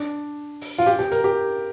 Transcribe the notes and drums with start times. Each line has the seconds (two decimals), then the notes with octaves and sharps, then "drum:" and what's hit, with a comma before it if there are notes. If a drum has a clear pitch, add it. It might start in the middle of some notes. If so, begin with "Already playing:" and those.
Already playing: D4
0.61 drum: open hi-hat
0.78 F4
0.86 G4, drum: hi-hat
0.99 G4
1.12 A#4, drum: hi-hat
1.24 G4